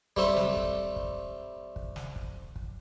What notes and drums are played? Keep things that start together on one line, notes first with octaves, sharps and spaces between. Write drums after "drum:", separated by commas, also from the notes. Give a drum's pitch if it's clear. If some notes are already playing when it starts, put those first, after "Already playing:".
G3 A3 C4, drum: kick
drum: snare
drum: kick
drum: kick
drum: kick
drum: snare
drum: kick
drum: kick